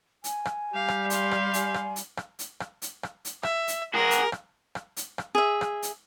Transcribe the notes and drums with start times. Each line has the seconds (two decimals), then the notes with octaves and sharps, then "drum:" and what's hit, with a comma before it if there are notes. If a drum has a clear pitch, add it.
0.24 G#5, drum: hi-hat
0.45 drum: rim click
0.74 G3 G4 D5 F5
0.88 drum: rim click
1.10 F5 C6, drum: hi-hat
1.31 drum: rim click
1.54 G#5, drum: hi-hat
1.74 drum: rim click
1.96 drum: hi-hat
2.17 drum: rim click
2.39 drum: hi-hat
2.60 drum: rim click
2.82 drum: hi-hat
3.03 drum: rim click
3.25 drum: hi-hat
3.43 E5, drum: rim click
3.68 drum: hi-hat
3.94 F#4 G#4 A#4
4.11 drum: hi-hat
4.32 drum: rim click
4.75 drum: rim click
4.97 drum: hi-hat
5.18 drum: rim click
5.35 G#4 E5
5.61 drum: rim click
5.83 drum: hi-hat